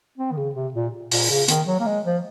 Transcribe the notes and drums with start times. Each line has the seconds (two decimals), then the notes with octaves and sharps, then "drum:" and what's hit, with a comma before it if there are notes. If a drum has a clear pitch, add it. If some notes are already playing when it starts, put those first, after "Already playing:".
0.17 C4
0.31 D#3
0.37 C#3
0.55 C3
0.74 A#2
1.11 A#2, drum: open hi-hat
1.30 C#3
1.48 D#3, drum: hi-hat
1.66 F#3
1.79 A#3
1.86 G#3
2.04 F3